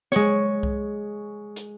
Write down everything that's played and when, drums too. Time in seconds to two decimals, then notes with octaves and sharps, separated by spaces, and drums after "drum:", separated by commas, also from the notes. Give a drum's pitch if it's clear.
0.12 G#3 C#5, drum: snare
0.63 drum: kick C2
1.56 drum: hi-hat